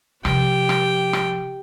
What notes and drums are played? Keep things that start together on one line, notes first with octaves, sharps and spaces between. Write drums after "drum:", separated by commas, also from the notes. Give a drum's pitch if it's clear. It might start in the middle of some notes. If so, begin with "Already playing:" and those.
C3 F3 G4 G5, drum: rim click
drum: rim click
drum: rim click